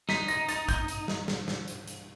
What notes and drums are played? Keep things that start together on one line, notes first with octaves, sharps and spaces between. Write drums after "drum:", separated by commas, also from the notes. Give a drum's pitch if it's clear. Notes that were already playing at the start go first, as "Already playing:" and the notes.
D#4 B6, drum: snare
A#6, drum: hi-hat
A6, drum: hi-hat
G6, drum: kick A1, hi-hat
drum: hi-hat
drum: snare
drum: snare
drum: snare
drum: hi-hat
drum: hi-hat